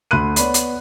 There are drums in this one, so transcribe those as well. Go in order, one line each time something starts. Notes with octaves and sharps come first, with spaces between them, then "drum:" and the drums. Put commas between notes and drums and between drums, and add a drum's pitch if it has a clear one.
D2 B5 C6 F#6 D#7
B3 C#5 D5 B5, drum: hi-hat
drum: hi-hat